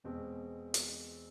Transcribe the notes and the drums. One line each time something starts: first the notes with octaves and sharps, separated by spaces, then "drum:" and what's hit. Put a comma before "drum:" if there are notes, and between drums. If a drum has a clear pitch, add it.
E2 B2 G#3 C4
drum: hi-hat